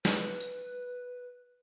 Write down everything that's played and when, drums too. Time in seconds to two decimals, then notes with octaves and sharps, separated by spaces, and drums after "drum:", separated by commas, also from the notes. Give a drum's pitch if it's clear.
0.05 B4, drum: snare
0.40 drum: tambourine